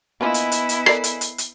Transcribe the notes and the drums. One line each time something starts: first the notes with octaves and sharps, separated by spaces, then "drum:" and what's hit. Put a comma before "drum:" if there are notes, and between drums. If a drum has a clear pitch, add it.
A#3 B3 D4 E4 F4 D#5 G#5 B5
drum: hi-hat
drum: hi-hat
drum: hi-hat
A4 A#4 D5 C7, drum: rim click
drum: hi-hat
drum: hi-hat
drum: hi-hat